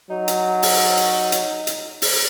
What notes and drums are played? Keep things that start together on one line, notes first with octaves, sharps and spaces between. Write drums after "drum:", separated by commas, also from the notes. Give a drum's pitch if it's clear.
F#3 D#4
drum: hi-hat
drum: open hi-hat
drum: hi-hat
drum: hi-hat
drum: hi-hat
drum: open hi-hat